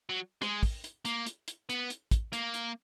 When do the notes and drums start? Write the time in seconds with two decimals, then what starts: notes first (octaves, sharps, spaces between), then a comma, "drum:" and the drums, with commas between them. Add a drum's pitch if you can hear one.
0.10 F#3
0.42 G#3, drum: rim click
0.63 drum: kick, open hi-hat
0.84 drum: hi-hat
1.05 A#3, drum: hi-hat
1.26 drum: hi-hat
1.48 drum: hi-hat
1.70 B3, drum: hi-hat
1.90 drum: hi-hat
2.11 drum: kick, hi-hat
2.33 A#3, drum: hi-hat
2.54 drum: hi-hat